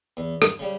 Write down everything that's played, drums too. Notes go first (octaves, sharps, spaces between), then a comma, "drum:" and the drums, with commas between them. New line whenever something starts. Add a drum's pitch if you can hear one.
E2
drum: rim click
C#3 G3